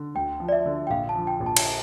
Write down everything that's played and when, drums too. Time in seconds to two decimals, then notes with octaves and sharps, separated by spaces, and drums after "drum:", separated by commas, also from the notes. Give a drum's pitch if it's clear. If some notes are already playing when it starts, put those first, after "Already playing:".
Already playing: D3
0.15 D2 G5
0.40 F3
0.49 D5
0.52 E5
0.66 D3
0.87 G5
0.90 A#1 F5
1.09 A5
1.15 F3
1.27 G5
1.40 A#1
1.46 A5
1.57 drum: cymbal